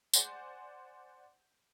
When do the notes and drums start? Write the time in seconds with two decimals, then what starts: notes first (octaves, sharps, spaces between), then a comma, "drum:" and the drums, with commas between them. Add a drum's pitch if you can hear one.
0.14 C5 D5 F#5 G#5 C6 G6, drum: tambourine